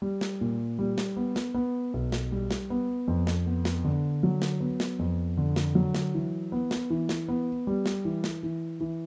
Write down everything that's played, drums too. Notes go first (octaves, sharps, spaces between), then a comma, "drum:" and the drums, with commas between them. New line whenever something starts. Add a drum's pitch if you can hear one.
G3
drum: snare
A#2
G3
drum: snare
B3
drum: snare
B3
B1
drum: snare
G3
drum: snare
B3
F2
drum: snare
B3
drum: snare
D3
F#3
drum: snare
B3
drum: snare
F2
D3
drum: snare
F#3
drum: snare
E3
B3
drum: snare
E3
drum: snare
B3
G3
drum: snare
E3
drum: snare
E3
E3